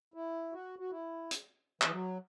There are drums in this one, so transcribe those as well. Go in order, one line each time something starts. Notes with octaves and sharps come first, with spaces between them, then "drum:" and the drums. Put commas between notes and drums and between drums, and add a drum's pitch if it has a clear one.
E4
F#4
F#4
E4
drum: hi-hat
E3, drum: clap
F#3